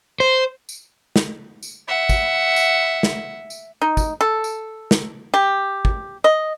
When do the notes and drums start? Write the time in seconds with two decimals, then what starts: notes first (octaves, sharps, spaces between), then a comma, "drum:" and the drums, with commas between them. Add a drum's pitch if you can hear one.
0.20 C5
0.69 drum: tambourine
1.16 drum: snare
1.63 drum: tambourine
1.88 E5 F#5
2.09 drum: kick, tambourine
2.56 drum: tambourine
3.03 drum: snare
3.50 drum: tambourine
3.82 D#4
3.97 drum: kick, tambourine
4.21 A4
4.44 drum: tambourine
4.91 drum: snare
5.34 G4
5.85 drum: kick
6.24 D#5